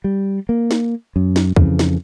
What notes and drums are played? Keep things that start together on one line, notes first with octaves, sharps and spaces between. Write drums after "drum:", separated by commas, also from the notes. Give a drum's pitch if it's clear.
G3
A#3
drum: snare
F#2
drum: snare
F2 C#3 E3, drum: kick
drum: snare